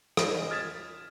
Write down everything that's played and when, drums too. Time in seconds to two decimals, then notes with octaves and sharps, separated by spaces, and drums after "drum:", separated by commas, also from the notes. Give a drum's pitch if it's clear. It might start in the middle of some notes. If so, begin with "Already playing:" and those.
0.17 C#4 D#4 F4 G#4 C5 D#5, drum: rim click
0.50 D#6 F6 G#6 A6 B6 E7